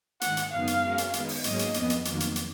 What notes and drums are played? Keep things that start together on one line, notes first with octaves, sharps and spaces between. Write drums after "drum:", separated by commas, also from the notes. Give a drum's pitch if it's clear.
G#2 D#3 G#3 F#5, drum: hi-hat
drum: hi-hat
F#2 C#3 G#3 B3 D#4 F5
drum: hi-hat
G#3 C#4 F#4 A#4
drum: hi-hat
D#3 G#3 B3, drum: hi-hat
drum: open hi-hat
G#2 F#3 A#3 C#4 G#4 D#5, drum: hi-hat
drum: hi-hat
F2 F3 B3, drum: hi-hat
drum: hi-hat
F2 D#3 F#3 A#3, drum: hi-hat
drum: hi-hat
drum: hi-hat